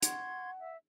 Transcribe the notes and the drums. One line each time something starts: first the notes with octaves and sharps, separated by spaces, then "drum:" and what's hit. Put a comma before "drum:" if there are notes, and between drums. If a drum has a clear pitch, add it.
F#5 C6 C#6 G#6, drum: hi-hat
E5